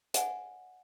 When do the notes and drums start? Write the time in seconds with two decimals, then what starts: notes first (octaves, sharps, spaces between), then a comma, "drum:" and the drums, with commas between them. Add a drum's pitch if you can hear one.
0.14 D5 E5 F#5 G#5, drum: hi-hat